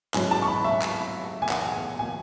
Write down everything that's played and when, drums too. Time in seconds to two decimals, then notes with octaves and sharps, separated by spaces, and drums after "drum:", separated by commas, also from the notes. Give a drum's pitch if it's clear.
0.14 G#2 F#3 C#4 E4 G#5, drum: clap
0.31 A5
0.42 C#6
0.48 B5
0.64 E5
0.81 drum: clap
1.42 G#5
1.49 F#5, drum: clap
1.65 G#5
1.99 G#5